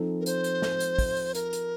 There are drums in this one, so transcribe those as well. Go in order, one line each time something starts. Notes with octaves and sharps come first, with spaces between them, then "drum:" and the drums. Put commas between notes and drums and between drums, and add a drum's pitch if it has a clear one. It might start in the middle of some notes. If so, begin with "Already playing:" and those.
Already playing: F3 C4 D#4 A4
A#4
C5, drum: hi-hat
drum: hi-hat
drum: snare
drum: hi-hat
drum: kick, open hi-hat
drum: open hi-hat
A#4, drum: hi-hat
drum: hi-hat